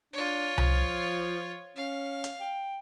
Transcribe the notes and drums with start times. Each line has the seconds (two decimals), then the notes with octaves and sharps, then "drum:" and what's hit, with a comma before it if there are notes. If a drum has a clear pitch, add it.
0.13 D4 F4 C#5
0.58 F3, drum: tom C2
1.76 C#4 F5
2.24 drum: hi-hat
2.40 G5